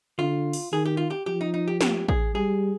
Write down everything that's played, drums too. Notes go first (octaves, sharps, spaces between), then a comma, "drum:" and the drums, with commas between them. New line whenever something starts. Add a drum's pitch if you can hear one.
D3 F4
drum: open hi-hat
D#3 G#4
G4
F4
G4
F3 G4
D#4
D#4
G4
G4, drum: snare
G#4, drum: kick
G3 G#4